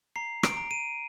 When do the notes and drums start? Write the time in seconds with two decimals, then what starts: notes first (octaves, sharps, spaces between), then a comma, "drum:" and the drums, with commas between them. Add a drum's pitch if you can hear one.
0.16 A#5 C7
0.43 D7, drum: rim click
0.57 A#5
0.71 D#7